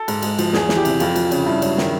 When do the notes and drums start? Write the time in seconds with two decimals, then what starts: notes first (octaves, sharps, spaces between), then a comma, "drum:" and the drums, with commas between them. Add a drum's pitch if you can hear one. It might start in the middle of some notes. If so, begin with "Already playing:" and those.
Already playing: A4
0.08 G#2, drum: cymbal
0.22 G#3, drum: cymbal
0.39 F3, drum: cymbal
0.53 E2 G#4, drum: snare
0.69 E3, drum: snare
0.77 G4
0.85 C3, drum: cymbal
1.00 F2 F4, drum: cymbal
1.16 F3, drum: cymbal
1.31 C#3, drum: cymbal
1.46 G2 E4
1.62 F#3, drum: cymbal
1.78 D#3, drum: snare